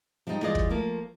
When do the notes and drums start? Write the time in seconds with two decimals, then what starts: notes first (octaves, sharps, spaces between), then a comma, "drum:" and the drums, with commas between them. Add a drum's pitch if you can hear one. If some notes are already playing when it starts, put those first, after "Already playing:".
0.27 F3 G3 G#3 D#4 D#5 G5
0.42 E3 G3 F4 G#4 D5 D#5
0.55 drum: kick
0.70 F3 A3 A#3